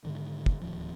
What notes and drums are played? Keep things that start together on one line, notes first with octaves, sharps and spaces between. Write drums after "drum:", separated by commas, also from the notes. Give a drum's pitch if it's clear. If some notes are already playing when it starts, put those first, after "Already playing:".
G#2 D3 D#3
drum: kick
D1 D#2 F3